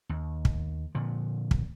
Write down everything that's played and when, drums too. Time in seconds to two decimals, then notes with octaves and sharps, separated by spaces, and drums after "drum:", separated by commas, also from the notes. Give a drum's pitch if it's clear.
0.09 D#2
0.45 drum: kick
0.95 A#2 D3 F3
1.51 drum: kick